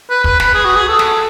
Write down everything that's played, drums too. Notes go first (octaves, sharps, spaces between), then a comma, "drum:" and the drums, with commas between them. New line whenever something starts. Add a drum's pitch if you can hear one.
B4
B4, drum: kick
B4, drum: snare
G#4
F#4
G#4
A4
drum: snare